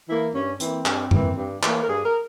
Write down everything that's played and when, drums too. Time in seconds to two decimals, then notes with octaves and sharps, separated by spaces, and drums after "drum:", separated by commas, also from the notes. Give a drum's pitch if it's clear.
0.09 E3 A#3 E4
0.34 G2 C#4
0.60 E3 A#3 C4, drum: hi-hat
0.86 G2, drum: clap
1.11 E3 A#3, drum: tom F#2
1.37 G2
1.63 E3 A#3, drum: clap
1.83 A#4
1.88 G2 G#4
2.05 A#4